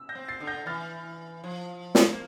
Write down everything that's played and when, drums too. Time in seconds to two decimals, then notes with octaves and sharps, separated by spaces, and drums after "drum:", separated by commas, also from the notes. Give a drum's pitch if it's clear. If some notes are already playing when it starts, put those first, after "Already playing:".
Already playing: E6
0.09 G6 A#6
0.15 C4
0.28 A6 C7
0.40 D3
0.47 G6 A#6
0.66 E3 F6 A6
1.44 F3
1.95 drum: snare
2.09 A#3